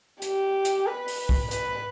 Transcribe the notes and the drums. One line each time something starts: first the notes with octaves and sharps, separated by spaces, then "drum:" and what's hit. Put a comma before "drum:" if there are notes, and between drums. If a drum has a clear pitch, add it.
G4, drum: hi-hat
drum: hi-hat
B4
drum: open hi-hat
drum: kick
B4, drum: hi-hat